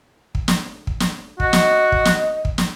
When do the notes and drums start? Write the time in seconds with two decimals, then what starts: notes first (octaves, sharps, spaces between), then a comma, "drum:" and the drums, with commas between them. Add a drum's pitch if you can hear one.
0.35 drum: kick
0.48 drum: snare
0.87 drum: kick
1.00 drum: snare
1.40 F#4 D#5, drum: kick
1.53 drum: snare
1.92 drum: kick
2.05 drum: snare
2.45 drum: kick
2.58 drum: snare